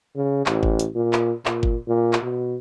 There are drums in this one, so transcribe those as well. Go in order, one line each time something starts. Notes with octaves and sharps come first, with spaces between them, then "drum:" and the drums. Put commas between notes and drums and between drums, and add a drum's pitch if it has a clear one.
C#3
A1, drum: clap
drum: kick G1
drum: hi-hat
A#2
drum: clap
A#2, drum: clap
drum: kick G1
A#2
drum: clap
B2